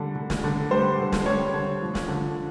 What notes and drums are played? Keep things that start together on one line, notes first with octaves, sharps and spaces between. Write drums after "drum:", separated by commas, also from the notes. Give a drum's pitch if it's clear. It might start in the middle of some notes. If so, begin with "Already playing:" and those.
Already playing: D3 G3
D3
drum: snare
D3
G3 C5
D3
drum: snare
G3 C#5
D3
F3
drum: snare
D3